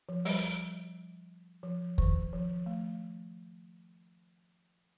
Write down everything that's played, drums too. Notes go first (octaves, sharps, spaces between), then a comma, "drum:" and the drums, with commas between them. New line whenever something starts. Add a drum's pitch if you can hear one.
F3
G3, drum: open hi-hat
F3
D#3, drum: kick
F3
A3